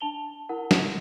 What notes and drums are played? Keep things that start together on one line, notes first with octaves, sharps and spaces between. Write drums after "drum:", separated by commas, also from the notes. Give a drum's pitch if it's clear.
D4 A5 F7 G7
E4 A#4 F#5
drum: snare